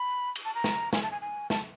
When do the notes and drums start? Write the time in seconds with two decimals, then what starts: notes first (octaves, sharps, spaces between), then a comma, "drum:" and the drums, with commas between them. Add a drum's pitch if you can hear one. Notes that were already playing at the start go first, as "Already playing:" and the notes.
Already playing: B5
0.35 drum: cymbal
0.45 A5
0.55 A#5
0.64 drum: snare
0.93 G#5, drum: snare
1.03 A5
1.11 G#5
1.22 G#5
1.50 A5, drum: snare